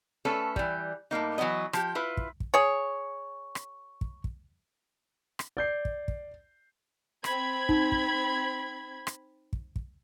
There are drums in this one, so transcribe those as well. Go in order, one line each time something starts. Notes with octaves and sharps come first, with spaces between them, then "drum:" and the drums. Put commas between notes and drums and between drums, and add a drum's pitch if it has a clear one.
A3 C#4 A4 B4
E3 G3, drum: kick
A2 G3 A#3 D#4
E3 F#3 A#3 B3 D#5
F3 G4, drum: rim click
E4 F4 B4
drum: kick
drum: kick
G#4 C#5
drum: rim click
drum: kick
drum: kick
drum: rim click
D5 G6 C7
drum: kick
drum: kick
C4 B5 G#6, drum: rim click
D#4, drum: kick
drum: kick
drum: rim click
drum: kick
drum: kick